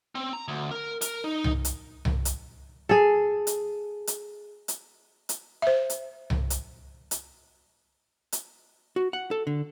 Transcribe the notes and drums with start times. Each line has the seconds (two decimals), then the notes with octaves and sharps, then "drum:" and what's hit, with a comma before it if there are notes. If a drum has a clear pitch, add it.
0.15 C4
0.33 A#5
0.48 D2
0.71 A#4
1.01 A#4, drum: hi-hat
1.24 D#4
1.44 drum: tom C2
1.65 drum: hi-hat
2.05 drum: tom C2
2.25 drum: hi-hat
2.89 G#4 A4
3.47 drum: hi-hat
4.07 drum: hi-hat
4.68 drum: hi-hat
5.29 drum: hi-hat
5.62 C5 E5
5.90 drum: hi-hat
6.30 drum: tom C2
6.50 drum: hi-hat
7.11 drum: hi-hat
8.32 drum: hi-hat
8.96 F#4
9.13 F#5
9.31 A4
9.47 D3